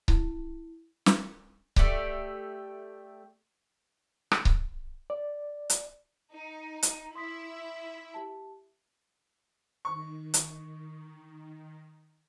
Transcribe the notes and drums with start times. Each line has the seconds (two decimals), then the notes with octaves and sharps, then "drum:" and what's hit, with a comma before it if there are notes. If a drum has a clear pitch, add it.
0.08 E4, drum: kick C#1
1.06 drum: snare
1.76 A3 G4 D5, drum: kick C#1
4.32 drum: rim click
4.45 drum: kick C#1
5.10 D5
5.70 drum: hi-hat
6.32 D#4
6.83 drum: hi-hat
7.15 E4 E5 C6 D#6 B6
8.14 G4 A5
9.85 D#3 C#6
10.34 drum: hi-hat